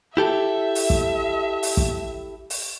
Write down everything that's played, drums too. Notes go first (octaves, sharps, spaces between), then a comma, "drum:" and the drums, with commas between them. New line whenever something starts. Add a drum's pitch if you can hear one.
E4 G4 A4 E5
drum: open hi-hat
drum: kick
drum: open hi-hat
drum: kick
drum: open hi-hat